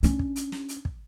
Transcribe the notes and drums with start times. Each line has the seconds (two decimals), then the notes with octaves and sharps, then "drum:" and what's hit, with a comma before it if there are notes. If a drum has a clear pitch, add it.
0.03 C#4 D4, drum: hi-hat
0.19 drum: kick
0.36 drum: hi-hat
0.52 drum: snare
0.69 drum: hi-hat
0.85 drum: kick